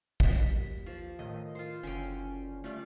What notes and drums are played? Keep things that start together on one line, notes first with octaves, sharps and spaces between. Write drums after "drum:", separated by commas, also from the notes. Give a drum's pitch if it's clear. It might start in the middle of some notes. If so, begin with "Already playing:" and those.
D#2 B6, drum: kick
F3
A2 D#3 D#5
F4 C5
F#1 D3 C#4 C5 G5
G3 A3 F4